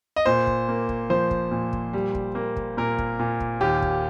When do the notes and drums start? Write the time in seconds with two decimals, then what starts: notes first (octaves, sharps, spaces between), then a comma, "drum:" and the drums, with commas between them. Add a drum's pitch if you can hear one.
0.16 D#5
0.26 A#2 C5
0.47 drum: kick
0.68 A#3
0.89 drum: kick
1.10 F3 C5
1.31 drum: kick
1.51 A#2
1.73 drum: kick
1.93 G3
2.15 drum: kick
2.35 A#3
2.57 drum: kick
2.77 A#2 A#4
2.98 drum: kick
3.19 A#2
3.40 drum: kick
3.61 D#2 G4
3.82 drum: kick